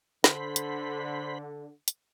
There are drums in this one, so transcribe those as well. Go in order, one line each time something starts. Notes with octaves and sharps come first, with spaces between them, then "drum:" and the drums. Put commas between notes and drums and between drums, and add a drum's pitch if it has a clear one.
D3 C5 B5, drum: snare
drum: hi-hat
drum: hi-hat